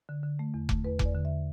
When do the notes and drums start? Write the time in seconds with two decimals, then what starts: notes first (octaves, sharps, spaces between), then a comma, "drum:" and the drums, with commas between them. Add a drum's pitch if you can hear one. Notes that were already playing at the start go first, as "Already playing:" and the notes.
0.09 D3
0.23 D3
0.39 A3
0.54 E2
0.69 A3, drum: kick F1
0.84 E2 B4
0.99 E2, drum: kick F1
1.05 D5
1.15 D3
1.25 E5